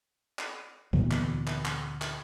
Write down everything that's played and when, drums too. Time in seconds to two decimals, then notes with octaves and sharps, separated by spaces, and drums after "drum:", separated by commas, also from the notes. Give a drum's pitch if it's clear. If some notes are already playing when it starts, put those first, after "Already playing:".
0.39 drum: clap
0.93 D2 A#2 E3 B3, drum: kick
1.11 drum: clap
1.47 drum: clap
1.65 drum: clap
2.02 drum: clap